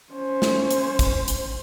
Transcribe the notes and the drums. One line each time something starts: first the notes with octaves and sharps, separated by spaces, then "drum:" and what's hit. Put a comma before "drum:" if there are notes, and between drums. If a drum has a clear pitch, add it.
C#4 C5
drum: snare
drum: hi-hat
drum: kick, hi-hat
drum: hi-hat